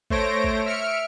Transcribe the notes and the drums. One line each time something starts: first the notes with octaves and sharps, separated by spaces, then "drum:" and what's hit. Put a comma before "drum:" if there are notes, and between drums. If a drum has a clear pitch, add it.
A3 C5 C#5 A#6 D7, drum: kick
drum: kick
E5 F6 C#7 D7